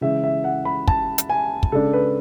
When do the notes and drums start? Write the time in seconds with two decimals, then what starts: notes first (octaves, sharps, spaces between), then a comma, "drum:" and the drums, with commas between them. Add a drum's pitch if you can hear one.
0.01 C#3 E3 G#3 E5
0.23 E5
0.44 F#5
0.65 B5
0.88 A5, drum: kick
1.18 drum: hi-hat
1.30 G#5
1.63 drum: kick
1.72 C#3 G#3 D4 A4
1.93 B4